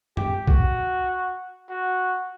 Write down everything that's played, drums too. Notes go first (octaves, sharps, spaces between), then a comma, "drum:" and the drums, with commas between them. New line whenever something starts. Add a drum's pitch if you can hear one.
G4, drum: tom F#2
F#4, drum: kick
F#4